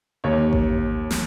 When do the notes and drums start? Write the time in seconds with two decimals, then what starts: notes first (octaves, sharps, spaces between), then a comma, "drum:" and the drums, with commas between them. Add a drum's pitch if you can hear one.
0.24 D#2 C#5
0.53 drum: kick A1
1.11 drum: snare